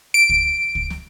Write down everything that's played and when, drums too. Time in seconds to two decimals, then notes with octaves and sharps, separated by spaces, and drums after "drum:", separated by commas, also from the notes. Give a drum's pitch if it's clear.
0.14 D7
0.29 drum: kick
0.75 drum: kick
0.90 drum: snare